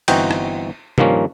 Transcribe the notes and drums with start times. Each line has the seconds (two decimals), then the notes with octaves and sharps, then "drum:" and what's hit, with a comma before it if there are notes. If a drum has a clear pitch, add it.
0.08 G1 E3 C4 D#4 F#4 G5, drum: cymbal
0.31 drum: rim click
0.98 G2 D#3 F3 A#3 C#4, drum: tom